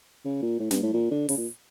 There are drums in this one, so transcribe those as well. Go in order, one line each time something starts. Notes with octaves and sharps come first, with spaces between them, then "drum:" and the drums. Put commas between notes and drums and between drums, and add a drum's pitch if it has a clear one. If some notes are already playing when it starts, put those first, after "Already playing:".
C#3
A#2
A2
G2, drum: snare
A2
A#2
D3
C#3, drum: open hi-hat
A#2